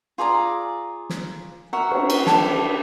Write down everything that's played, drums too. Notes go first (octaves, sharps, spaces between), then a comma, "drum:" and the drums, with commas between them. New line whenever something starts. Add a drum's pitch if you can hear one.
F4 G#4 D5 A#5
drum: snare
F#4 A#4 E5 F#5
drum: cymbal
drum: cymbal
G4 A4 D5, drum: snare